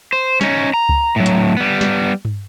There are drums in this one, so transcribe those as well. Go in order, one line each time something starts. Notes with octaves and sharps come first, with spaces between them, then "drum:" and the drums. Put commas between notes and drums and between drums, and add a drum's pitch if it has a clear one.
C5
C#4 D#4, drum: snare
A#5
drum: kick C#2
A2 F#3
drum: hi-hat
G3 B3
drum: snare
drum: tom G2